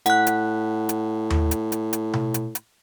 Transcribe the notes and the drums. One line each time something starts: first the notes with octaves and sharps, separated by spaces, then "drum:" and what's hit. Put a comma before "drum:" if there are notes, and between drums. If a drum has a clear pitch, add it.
A2 F#5 F#6, drum: hi-hat
drum: hi-hat
drum: hi-hat
drum: tom D#2
drum: hi-hat
drum: hi-hat
drum: hi-hat
drum: tom B2
drum: hi-hat
drum: hi-hat